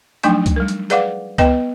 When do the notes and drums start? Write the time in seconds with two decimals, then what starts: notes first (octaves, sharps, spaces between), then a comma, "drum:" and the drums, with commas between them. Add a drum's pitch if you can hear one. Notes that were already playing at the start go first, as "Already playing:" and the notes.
0.23 F3 F#3 A3 D4 D#4 G5, drum: hi-hat
0.46 drum: kick C#2, hi-hat
0.56 G3 A#4
0.68 drum: hi-hat
0.90 G#4 B4 D5 F5 F#5 D6, drum: hi-hat
1.38 B3 B4 D#5 G5, drum: kick C#2, hi-hat